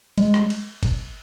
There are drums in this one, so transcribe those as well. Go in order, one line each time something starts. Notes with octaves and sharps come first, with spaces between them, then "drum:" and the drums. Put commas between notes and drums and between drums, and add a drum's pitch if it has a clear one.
G#3, drum: cymbal
drum: rim click
drum: cymbal
drum: kick, cymbal